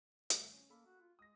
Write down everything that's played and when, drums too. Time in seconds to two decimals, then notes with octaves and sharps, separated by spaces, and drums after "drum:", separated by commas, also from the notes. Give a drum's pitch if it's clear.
0.30 G#1 G3 A3, drum: hi-hat
0.53 C#4
0.70 A#3 A4 B5
0.86 F#4
1.00 F4
1.19 G#3 D#6 A#6